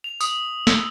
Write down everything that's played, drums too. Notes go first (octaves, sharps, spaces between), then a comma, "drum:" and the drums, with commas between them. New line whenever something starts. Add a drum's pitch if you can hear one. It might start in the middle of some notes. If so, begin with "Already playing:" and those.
F7
D#6, drum: tambourine
E6, drum: snare